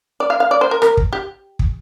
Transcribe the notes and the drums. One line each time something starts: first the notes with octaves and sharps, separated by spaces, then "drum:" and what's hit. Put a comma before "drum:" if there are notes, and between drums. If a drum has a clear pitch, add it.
D5
F5
F5
D5
C5
A#4
A#4, drum: rim click
drum: kick
G4
drum: kick